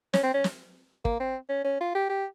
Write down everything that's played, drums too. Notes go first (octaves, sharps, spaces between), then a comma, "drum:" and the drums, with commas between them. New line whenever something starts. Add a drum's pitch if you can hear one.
C#4, drum: snare
C4
C#4
drum: snare
A#3, drum: kick
C4
C#4
C#4
F4
G4
G4